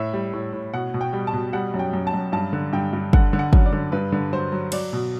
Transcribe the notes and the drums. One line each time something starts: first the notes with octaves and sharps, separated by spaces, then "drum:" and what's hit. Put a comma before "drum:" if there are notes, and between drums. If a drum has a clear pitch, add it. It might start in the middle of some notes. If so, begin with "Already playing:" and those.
Already playing: A2 E5
G3
A2
A2
B2 F#5
B2
G5
G3
A5
B2
G3 F#5
F#2
G5
F#2
A5
F#2
G2 A5
D3
G2 G5
G2
D3 F#5, drum: kick
D3
F#5
F#2, drum: kick
D5
D3
G2 B4
D3
F#3 C5
F#3
F#3 D5, drum: cymbal
B2